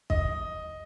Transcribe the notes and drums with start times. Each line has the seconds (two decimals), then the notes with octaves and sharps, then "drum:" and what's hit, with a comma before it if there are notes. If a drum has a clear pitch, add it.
0.10 D#5, drum: kick